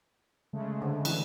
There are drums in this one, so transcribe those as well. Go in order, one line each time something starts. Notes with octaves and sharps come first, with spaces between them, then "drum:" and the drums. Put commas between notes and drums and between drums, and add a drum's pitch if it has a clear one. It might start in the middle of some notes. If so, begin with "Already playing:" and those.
C#3 G#3 A3
D3
E3, drum: cymbal